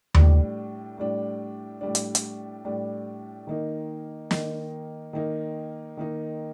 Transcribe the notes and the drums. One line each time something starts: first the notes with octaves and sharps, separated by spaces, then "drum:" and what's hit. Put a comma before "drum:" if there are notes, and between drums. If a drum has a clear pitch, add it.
A2 G3 D4, drum: tom D#2
A2 G3 D4
A2 G3 D4
drum: hi-hat
drum: hi-hat
A2 G3 D4
D#3 A#3 D#4
D#3 A#3 D#4, drum: snare
D#3 A#3 D#4
D#3 A#3 D#4